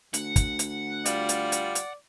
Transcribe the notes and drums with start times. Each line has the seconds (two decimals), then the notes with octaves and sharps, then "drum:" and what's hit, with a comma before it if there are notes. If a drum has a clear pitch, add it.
0.14 D2 F#5, drum: hi-hat
0.36 drum: kick, hi-hat
0.59 drum: hi-hat
1.06 G3 F4 D5, drum: hi-hat
1.29 drum: hi-hat
1.52 drum: hi-hat
1.75 drum: hi-hat